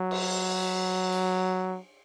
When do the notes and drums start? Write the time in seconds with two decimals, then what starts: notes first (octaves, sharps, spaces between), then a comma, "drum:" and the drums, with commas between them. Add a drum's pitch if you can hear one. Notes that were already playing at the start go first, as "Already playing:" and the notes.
Already playing: F#3
0.11 drum: cymbal
1.12 drum: cymbal